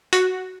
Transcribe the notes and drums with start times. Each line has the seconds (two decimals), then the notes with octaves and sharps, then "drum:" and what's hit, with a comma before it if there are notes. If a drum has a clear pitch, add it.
0.13 F#4, drum: hi-hat